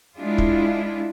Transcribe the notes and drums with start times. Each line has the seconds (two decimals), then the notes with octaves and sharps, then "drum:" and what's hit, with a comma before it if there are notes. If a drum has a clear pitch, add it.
0.19 G#3 D4 E4 F4
0.38 drum: kick